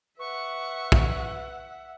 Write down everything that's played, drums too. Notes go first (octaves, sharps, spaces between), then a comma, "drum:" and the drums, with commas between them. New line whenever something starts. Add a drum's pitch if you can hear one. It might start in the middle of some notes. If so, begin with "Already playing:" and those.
B4 E5 F#5 C#6
drum: kick